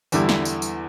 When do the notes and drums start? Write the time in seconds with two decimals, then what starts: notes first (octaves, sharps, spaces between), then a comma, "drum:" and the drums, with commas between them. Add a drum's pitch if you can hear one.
0.12 E2 D3 G3 E4 G4, drum: tambourine
0.29 drum: snare
0.45 drum: tambourine
0.62 drum: tambourine